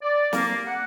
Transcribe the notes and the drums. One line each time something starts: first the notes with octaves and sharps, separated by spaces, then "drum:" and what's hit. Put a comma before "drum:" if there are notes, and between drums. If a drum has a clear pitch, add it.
D5
A#3, drum: snare
F#5